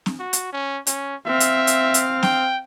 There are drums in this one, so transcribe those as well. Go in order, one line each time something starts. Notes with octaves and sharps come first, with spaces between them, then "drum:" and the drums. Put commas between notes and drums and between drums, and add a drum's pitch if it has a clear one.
drum: snare C4
F#4
drum: hi-hat
C#4
C#4, drum: hi-hat
C4 E5 F5
drum: hi-hat
drum: hi-hat
drum: hi-hat
G5, drum: snare C4